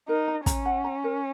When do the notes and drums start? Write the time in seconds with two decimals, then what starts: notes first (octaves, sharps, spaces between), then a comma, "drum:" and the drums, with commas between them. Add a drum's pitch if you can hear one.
0.09 D#4 A#4
0.28 A#5
0.46 C#4 A#5, drum: kick, hi-hat
0.65 F#5
0.84 A#5
1.04 A#4